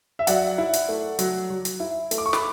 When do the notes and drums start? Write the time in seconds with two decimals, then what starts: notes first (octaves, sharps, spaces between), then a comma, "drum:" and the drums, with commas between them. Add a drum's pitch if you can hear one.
0.19 E5
0.27 F#3 D5 F#5, drum: hi-hat
0.58 E4
0.73 drum: hi-hat
0.89 A3
1.19 F#3, drum: hi-hat
1.50 F#3
1.65 drum: hi-hat
1.80 E4
2.11 A3, drum: hi-hat
2.18 D6
2.26 C#6
2.33 B5 D6, drum: snare